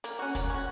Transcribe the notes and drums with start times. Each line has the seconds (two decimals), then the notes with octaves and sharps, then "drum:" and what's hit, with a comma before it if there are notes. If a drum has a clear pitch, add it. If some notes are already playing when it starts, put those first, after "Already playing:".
0.04 A#3, drum: hi-hat
0.19 C#4 F#4
0.35 A#3, drum: kick, hi-hat
0.50 C#4 F#4